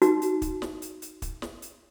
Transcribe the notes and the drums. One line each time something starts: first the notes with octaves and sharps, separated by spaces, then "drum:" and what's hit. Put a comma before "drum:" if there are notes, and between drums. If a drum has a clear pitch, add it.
D#4 F#4, drum: hi-hat
drum: hi-hat
drum: kick, hi-hat
drum: snare
drum: hi-hat
drum: hi-hat
drum: kick, hi-hat
drum: snare
drum: hi-hat